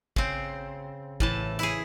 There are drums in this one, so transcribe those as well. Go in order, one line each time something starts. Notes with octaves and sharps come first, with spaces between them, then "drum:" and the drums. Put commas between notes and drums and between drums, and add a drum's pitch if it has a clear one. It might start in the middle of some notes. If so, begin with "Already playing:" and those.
C#3 C4, drum: kick
A2 E3 A5, drum: kick
E4 G#4, drum: hi-hat